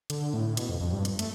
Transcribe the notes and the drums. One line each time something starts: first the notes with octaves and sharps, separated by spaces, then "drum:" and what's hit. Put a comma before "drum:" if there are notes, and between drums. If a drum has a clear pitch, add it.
D3, drum: hi-hat
A2
B2, drum: hi-hat
F2
F2
G2
drum: hi-hat
A3, drum: hi-hat